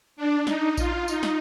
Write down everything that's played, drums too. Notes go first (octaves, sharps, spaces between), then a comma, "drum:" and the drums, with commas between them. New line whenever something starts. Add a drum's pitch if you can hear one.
D4
D#4, drum: snare
F4, drum: kick A#1, tambourine
D#4, drum: tambourine
drum: snare